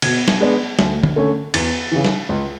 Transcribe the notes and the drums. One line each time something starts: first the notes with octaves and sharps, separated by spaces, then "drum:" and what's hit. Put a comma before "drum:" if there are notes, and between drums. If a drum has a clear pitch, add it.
B2 G#6, drum: cymbal
drum: snare
G#3 B3 D4
D2, drum: snare
drum: tom
D3 A3 C#4
E2 A6, drum: cymbal
C#3 E3
drum: snare
C#2